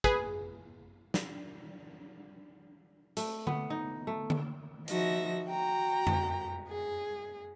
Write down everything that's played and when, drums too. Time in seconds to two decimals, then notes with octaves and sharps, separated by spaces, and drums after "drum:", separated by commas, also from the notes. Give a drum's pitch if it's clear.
0.04 G#4 B4, drum: kick
1.14 drum: snare
3.17 A3, drum: hi-hat
3.47 B3, drum: tom D3
3.70 D#4
4.07 A3
4.30 drum: tom D3
4.88 F3 D#4 F#4 E5 A#6, drum: hi-hat
5.47 F#4 G5 A#5
6.07 drum: tom F2
6.69 G#4